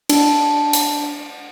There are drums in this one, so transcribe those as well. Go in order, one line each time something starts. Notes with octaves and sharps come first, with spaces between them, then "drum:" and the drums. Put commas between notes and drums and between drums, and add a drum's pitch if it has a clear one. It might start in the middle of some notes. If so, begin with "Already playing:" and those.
D4, drum: cymbal
drum: hi-hat